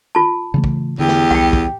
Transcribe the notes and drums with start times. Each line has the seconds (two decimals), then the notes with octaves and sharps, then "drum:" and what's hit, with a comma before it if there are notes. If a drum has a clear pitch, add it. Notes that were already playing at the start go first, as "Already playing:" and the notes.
0.15 F4 A5
0.54 C#3 E3 A3
0.64 drum: kick
0.99 E2 D3 G4
1.08 drum: snare
1.31 C2 F#5 G5
1.53 drum: kick